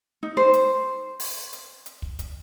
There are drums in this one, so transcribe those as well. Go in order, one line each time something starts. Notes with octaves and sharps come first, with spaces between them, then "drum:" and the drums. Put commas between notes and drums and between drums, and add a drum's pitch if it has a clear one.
D#4
C5
drum: hi-hat
drum: open hi-hat
drum: hi-hat
drum: hi-hat
drum: kick
drum: kick, hi-hat